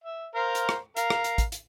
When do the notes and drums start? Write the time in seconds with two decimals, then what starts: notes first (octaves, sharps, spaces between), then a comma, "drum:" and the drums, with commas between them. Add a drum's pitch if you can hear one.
0.04 E5
0.35 A#4 C5 F5
0.55 drum: hi-hat
0.69 drum: rim click
0.97 A#4 F5, drum: hi-hat
1.10 drum: rim click
1.24 drum: hi-hat
1.38 drum: kick, hi-hat
1.52 drum: hi-hat